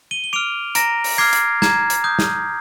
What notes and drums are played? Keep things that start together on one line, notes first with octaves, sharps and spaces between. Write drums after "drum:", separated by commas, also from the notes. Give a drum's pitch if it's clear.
D#7 G7
G7
D6 F6 D7 F7
A#5 A#6 D7, drum: hi-hat
drum: open hi-hat
D6 F6 G#6 C7
drum: hi-hat
A#5 G#6, drum: snare
drum: hi-hat
D#6 G6
drum: snare